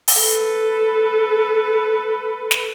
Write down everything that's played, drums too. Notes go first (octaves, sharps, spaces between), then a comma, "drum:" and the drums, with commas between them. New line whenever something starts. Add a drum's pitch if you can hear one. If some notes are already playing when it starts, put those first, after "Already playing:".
drum: open hi-hat
A4 B4
drum: snare